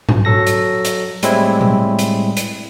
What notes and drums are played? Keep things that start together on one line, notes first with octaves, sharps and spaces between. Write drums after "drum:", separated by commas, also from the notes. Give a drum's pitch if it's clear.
drum: tom G#2
F#3 A4 A#6
drum: hi-hat
drum: hi-hat
A2 G3 G#3 C4 E4, drum: hi-hat
drum: tom B2
drum: hi-hat
drum: hi-hat